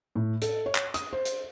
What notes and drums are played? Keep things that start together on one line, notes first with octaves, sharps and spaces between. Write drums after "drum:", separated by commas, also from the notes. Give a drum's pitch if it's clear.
A2
A4, drum: hi-hat
C#5
drum: clap
D#6, drum: hi-hat
C5
drum: hi-hat